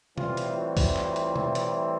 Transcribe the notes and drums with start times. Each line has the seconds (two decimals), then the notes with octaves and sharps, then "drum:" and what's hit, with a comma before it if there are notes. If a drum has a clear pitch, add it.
0.18 A2 E3 G3 C4 F4, drum: tom B2
0.37 drum: hi-hat
0.57 F#4
0.77 drum: kick, open hi-hat
0.97 F4, drum: clap
1.16 drum: hi-hat
1.36 drum: tom B2
1.55 drum: hi-hat